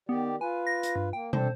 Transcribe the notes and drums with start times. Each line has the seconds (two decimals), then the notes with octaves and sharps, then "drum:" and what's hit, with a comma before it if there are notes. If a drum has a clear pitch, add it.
0.09 D#3 B3 G4 D5
0.41 F4 B4 G#5
0.67 A#6
0.83 drum: hi-hat
0.96 G2
1.13 A#3 G5
1.33 C4 D4 A4 C5, drum: tom